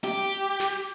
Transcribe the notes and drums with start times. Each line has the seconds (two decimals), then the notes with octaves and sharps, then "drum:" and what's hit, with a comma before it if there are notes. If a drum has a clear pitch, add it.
0.04 G4, drum: hi-hat
0.18 drum: hi-hat
0.32 drum: hi-hat
0.60 drum: snare
0.74 drum: hi-hat